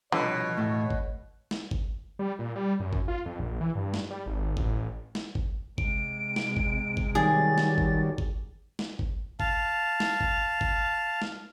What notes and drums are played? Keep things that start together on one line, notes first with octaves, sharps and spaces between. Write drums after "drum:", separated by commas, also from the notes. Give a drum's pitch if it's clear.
C2 B2 D3 F3 B4 C#5
E2 A2 A3
drum: kick
drum: snare
drum: kick
G3
A#2
G3
F#2
drum: kick
F4
F2
A#1
E3
G2
drum: snare
G3
G#1
A1, drum: kick
drum: snare
drum: kick
C3 G#3 D7, drum: kick
drum: snare
drum: kick
drum: kick
D#3 F#3 G3 G#4 A6
drum: snare
drum: kick
drum: kick
drum: snare
drum: kick
F5 A5, drum: kick
drum: snare
drum: kick
drum: kick
drum: snare